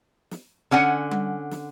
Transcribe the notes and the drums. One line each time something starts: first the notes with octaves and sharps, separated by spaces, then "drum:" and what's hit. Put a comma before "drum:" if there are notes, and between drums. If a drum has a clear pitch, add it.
drum: snare
D3 C#4 F#5 G#5
drum: tom G3
drum: snare